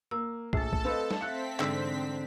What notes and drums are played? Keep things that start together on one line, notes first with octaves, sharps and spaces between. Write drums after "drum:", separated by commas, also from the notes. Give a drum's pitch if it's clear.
A#3 E6
A#1 A3 G#4 A4 A5 E6 A6, drum: kick
drum: kick
C4 B4 D#5 F5 B5 E6
drum: snare
C4 E5 F5 F#6 B6 C#7
G#2 D3 E3 E6, drum: clap